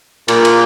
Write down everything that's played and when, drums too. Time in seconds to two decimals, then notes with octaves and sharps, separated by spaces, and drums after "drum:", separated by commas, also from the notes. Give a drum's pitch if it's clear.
0.28 A#2, drum: cymbal
0.45 drum: cymbal